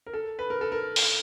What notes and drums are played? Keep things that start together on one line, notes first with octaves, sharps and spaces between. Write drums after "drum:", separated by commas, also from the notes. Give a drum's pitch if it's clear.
A#4
A4
B4
A#4
A4
A#4
drum: open hi-hat